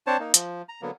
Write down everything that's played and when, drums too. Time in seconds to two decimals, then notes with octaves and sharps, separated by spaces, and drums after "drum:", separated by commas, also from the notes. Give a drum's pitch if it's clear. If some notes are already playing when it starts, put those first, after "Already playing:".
0.07 C4 D4 C5 C#5 A5
0.19 A#3 D#4
0.34 F3, drum: hi-hat
0.69 A#5
0.82 D3 F#3 A#3 B3